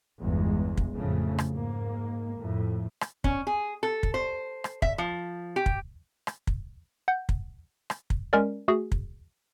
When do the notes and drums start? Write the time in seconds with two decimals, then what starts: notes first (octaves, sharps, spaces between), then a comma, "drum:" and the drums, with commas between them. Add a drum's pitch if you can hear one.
0.20 G1 E2 G#3
0.77 drum: kick
0.96 F2 A2 C#3 A3
1.39 drum: rim click
1.52 G#2 A#3
2.36 F2 A2
3.01 drum: rim click
3.24 C#4, drum: kick
3.47 G#4
3.83 A4
4.03 drum: kick
4.14 C5
4.64 drum: rim click
4.82 E5, drum: kick
4.98 F3
5.56 G4
5.66 drum: kick
6.27 drum: rim click
6.47 drum: kick
7.08 F#5 G6
7.29 drum: kick
7.90 drum: rim click
8.10 drum: kick
8.33 G#3 C#4 A#4 D5
8.68 A3 F#4 G#4
8.92 drum: kick